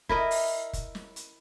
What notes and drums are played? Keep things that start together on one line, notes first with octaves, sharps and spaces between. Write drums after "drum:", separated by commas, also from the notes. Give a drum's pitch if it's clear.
E4 A#4 D#5, drum: kick
drum: open hi-hat
drum: kick, hi-hat
drum: snare
drum: hi-hat